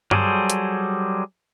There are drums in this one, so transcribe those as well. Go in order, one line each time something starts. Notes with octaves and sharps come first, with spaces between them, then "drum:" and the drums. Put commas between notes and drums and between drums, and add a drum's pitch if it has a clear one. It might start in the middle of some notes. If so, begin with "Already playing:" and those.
F#3 G3 G#4 A4 C5, drum: tom G2
drum: hi-hat